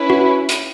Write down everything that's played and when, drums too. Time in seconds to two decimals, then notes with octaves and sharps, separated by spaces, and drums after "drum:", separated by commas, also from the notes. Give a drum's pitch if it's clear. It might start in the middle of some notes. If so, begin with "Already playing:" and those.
Already playing: C#4 E4 B4
0.10 F#4
0.49 drum: hi-hat